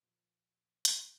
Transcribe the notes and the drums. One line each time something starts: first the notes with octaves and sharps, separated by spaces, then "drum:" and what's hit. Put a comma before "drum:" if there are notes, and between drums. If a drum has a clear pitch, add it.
A#2 F3 A#3 F4
F1 D#2 C#3 A#3 F4, drum: hi-hat